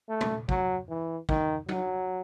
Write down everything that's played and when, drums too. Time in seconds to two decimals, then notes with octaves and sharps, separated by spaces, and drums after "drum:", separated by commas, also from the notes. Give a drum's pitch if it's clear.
0.09 A3
0.21 drum: tom
0.49 F#3, drum: kick
0.89 E3
1.29 D#3, drum: kick
1.69 F#3, drum: tom F#3